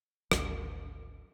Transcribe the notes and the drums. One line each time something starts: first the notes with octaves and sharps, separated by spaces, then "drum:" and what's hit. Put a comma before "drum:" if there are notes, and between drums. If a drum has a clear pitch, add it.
G#1 D2, drum: rim click